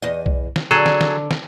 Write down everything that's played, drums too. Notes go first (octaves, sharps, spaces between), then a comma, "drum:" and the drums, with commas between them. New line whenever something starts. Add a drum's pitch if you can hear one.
E2 D#5
drum: kick B1
drum: snare
D3 F#3 G#4 A4
drum: snare
drum: snare
drum: snare